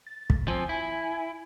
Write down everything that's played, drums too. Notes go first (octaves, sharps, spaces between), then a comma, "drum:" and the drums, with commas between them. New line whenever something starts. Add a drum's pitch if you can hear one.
A6
drum: kick
F3 C4 G#5
E4